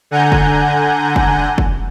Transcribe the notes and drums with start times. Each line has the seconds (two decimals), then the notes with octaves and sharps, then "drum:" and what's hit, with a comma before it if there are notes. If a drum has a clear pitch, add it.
0.11 D3 F#5 G#5 A#5 G6
0.32 drum: kick
1.16 drum: kick
1.58 drum: kick